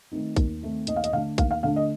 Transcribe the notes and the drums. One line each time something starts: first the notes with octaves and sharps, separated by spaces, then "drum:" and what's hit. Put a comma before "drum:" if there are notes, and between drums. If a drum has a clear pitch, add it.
D#3 A3 C4 D#4
D#2, drum: kick A#1, hi-hat
D#3 A3 C4 D#4
D#2 D#5, drum: hi-hat
F5
D#5, drum: hi-hat
D3 A3 D4 F5
D#2 F5, drum: kick A#1, hi-hat
F5
D3 A3 D4 F5
D#5